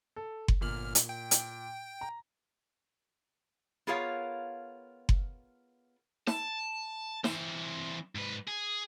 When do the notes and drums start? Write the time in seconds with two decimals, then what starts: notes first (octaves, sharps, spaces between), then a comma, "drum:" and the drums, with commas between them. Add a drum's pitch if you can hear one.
0.16 A4
0.48 drum: kick F#1
0.61 G1 A#2 F6 F#7
0.95 drum: hi-hat
1.09 G5
1.31 drum: hi-hat
2.01 A#5
3.87 B3 F4 G#4 A#4 C#5 F5
5.09 drum: kick F#1
6.27 A5, drum: snare
7.24 E3 C4, drum: snare
8.15 G#2 B4
8.47 G#4